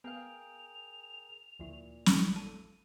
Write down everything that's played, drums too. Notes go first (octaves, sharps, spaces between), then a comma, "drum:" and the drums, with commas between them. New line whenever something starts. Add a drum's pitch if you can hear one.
B3 G#4 A#4 F5 G5 F7
D2 A#2 F3 E4
drum: snare
A4 D#7